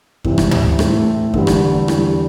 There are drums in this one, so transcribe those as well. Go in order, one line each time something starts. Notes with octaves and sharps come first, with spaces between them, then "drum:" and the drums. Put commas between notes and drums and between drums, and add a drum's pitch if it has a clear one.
E2 C3 E3, drum: kick F#2
drum: rim click
drum: tom
A2 A3 C4 A4, drum: rim click
E2 D3 G3, drum: kick F#2
drum: rim click
E2 D3 G3, drum: rim click